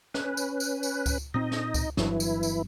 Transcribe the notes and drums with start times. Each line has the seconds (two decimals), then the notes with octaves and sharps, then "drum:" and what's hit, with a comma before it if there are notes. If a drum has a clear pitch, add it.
0.14 C#4 B4, drum: snare
0.37 drum: tambourine
0.60 drum: tambourine
0.83 drum: tambourine
1.06 drum: kick C#2, tambourine
1.34 A#2 C4 D#4 D#5
1.52 drum: snare
1.74 drum: kick C#2, tambourine
1.97 G1 G2 E3 F#3 E4, drum: snare
2.20 drum: tambourine
2.43 drum: tambourine